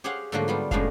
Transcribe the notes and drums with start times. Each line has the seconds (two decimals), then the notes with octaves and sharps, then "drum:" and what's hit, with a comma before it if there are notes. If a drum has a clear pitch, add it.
0.04 G4 G#4 C5 C#5 F5 F#5
0.32 G#2 D3 F3 F#3 A3 A#3
0.48 G3 B3 F4
0.71 F#2 A2 F3 G#3 D4 F5, drum: kick